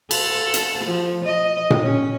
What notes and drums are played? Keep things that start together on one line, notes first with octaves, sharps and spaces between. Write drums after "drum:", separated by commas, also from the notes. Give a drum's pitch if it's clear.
A4, drum: cymbal
drum: hi-hat
F3
D#5
drum: tom A#2
C#4